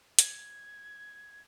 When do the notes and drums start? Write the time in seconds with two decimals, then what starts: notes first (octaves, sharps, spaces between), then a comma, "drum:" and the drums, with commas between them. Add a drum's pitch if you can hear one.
0.19 G#6, drum: hi-hat